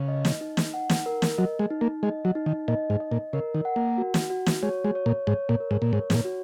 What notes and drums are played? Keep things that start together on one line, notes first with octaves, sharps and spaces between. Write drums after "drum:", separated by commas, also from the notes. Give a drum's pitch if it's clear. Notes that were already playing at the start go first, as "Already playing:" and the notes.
Already playing: C#3
D#5
drum: snare
D#4
drum: snare
F#5
drum: snare
A#4
drum: snare
F#3 D#5
G#3
D#4
A#3
G#3 D#5
F#3
D#4
D#3
A#2 D#5
G#2
D#5
A#2
C#3 A#4
D#3
F#5
A#3
F#4
drum: snare
F#4
drum: snare
G#3 C#5
G#3
C#5
A#2
G#2 C#5
A#2
A#4
G#2
A#2
G#2 C#5
G#2, drum: snare
A#2
F#4